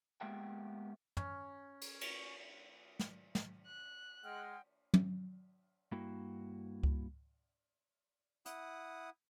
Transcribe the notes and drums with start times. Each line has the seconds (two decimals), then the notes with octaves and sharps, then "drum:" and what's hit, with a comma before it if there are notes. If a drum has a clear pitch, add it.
0.21 G#3 A#3 B3 G4 E5 G5
1.17 C#4, drum: tom
1.81 drum: cymbal
2.01 drum: cymbal
2.99 drum: snare
3.35 drum: snare
3.67 F#6
4.23 G#3 F#5 G5 F6
4.94 drum: tom
5.92 G2 A#3 E4 F#4 G5
6.83 drum: kick C#2
8.46 E4 F#5 D#6, drum: hi-hat